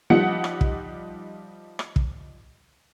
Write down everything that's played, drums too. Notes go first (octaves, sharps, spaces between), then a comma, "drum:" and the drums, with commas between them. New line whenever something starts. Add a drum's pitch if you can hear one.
F3 G3 D#4 F#5 C#7
drum: rim click
drum: kick
drum: rim click
drum: kick